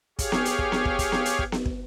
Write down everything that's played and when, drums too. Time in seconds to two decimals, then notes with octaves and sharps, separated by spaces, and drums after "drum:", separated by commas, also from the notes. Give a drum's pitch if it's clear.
0.19 G4 G#4 C#5 F5, drum: kick, hi-hat
0.32 drum: snare B3
0.45 drum: hi-hat
0.59 drum: kick
0.72 drum: snare B3
0.85 drum: kick
0.99 drum: kick, hi-hat
1.12 drum: snare B3
1.25 drum: hi-hat
1.39 drum: kick
1.52 drum: snare B3
1.66 drum: kick